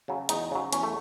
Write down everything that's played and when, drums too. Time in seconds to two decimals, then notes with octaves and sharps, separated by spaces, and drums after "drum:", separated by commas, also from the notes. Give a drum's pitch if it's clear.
0.08 C#3 F#3
0.29 E2 D#4, drum: hi-hat
0.51 C#3 F#3
0.73 E2 C#4, drum: hi-hat
0.83 A3